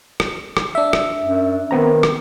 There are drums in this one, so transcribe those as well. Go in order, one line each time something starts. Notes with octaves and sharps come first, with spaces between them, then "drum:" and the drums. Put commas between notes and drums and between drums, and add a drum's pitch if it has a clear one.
drum: rim click
drum: rim click
D4 E5
drum: rim click
F#2
D#3 B3 C4 A#5
drum: rim click